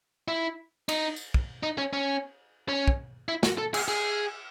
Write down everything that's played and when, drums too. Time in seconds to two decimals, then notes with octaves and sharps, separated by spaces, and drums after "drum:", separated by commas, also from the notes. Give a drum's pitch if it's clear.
0.28 E4
0.89 D#4, drum: cymbal
1.16 drum: tambourine
1.34 drum: kick
1.63 D#4
1.78 C#4
1.93 C#4
2.69 C#4
2.88 drum: kick
3.28 E4
3.43 F#4, drum: snare
3.58 A4
3.74 G#4, drum: cymbal
3.88 G#4